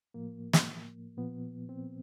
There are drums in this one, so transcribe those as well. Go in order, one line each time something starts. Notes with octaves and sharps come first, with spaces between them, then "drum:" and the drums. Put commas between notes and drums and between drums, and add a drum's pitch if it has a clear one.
A2 F3 A#3
drum: snare
A#2 F3 B3
C4